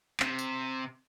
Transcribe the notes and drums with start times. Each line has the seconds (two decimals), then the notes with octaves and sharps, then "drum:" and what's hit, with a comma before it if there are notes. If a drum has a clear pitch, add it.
0.20 C3, drum: clap
0.39 drum: tambourine